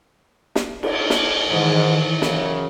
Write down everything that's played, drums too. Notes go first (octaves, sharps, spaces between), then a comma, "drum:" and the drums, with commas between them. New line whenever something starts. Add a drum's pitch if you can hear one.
drum: snare
drum: cymbal
drum: snare
G#2 D#3 E3
F#2 C#3, drum: snare